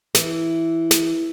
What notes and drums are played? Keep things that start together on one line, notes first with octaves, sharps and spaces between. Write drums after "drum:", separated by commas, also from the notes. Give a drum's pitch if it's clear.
E3, drum: snare
drum: snare